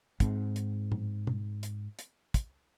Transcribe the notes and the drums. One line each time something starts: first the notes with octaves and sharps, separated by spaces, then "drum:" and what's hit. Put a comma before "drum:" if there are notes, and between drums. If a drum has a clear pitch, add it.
G#2 C4, drum: kick, hi-hat
drum: hi-hat
drum: tom A2
drum: tom
drum: hi-hat
drum: hi-hat
drum: kick, hi-hat